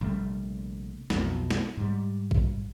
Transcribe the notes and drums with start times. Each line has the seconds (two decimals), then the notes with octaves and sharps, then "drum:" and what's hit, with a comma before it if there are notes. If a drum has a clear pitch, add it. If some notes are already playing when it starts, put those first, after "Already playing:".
0.01 A#1 C3 G3 A3
1.10 B1 F2 B2, drum: snare
1.51 drum: snare
1.77 G#2 G3
2.31 drum: kick A1